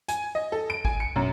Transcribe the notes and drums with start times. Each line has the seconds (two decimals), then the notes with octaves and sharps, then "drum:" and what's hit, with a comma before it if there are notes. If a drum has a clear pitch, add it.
0.08 G#5, drum: hi-hat
0.35 D#5
0.52 A4
0.70 D7
0.85 G#5, drum: kick
1.00 C#7
1.16 F#2, drum: tom